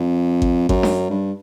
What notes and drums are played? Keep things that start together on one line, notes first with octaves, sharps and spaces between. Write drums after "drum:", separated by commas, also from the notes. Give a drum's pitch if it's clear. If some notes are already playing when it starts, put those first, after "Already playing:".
Already playing: F2
drum: kick G#1
F#2, drum: kick G#1
drum: snare D4
G2